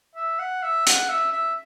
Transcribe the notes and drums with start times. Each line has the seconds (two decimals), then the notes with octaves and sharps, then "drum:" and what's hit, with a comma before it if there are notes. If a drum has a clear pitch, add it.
0.16 E5
0.39 F#5
0.63 E5
0.86 F#5, drum: hi-hat
1.09 E5
1.32 E5